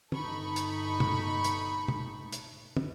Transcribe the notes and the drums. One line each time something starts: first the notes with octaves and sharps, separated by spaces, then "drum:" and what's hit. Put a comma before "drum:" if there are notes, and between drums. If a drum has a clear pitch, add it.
G1 D#4 A4 B5 C#6, drum: tom
drum: hi-hat
drum: tom
drum: hi-hat
drum: tom
drum: hi-hat
drum: tom